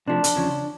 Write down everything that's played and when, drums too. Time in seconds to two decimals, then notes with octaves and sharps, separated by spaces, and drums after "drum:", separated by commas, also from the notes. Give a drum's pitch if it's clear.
0.07 C3 F3 A3 D4
0.24 drum: hi-hat
0.36 E2 C#3 F3